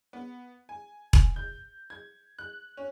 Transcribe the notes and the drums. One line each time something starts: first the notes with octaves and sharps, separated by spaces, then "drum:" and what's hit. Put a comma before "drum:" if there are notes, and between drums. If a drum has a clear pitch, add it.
B3
G#5
drum: kick E1
G6
G#6
F#6
C#4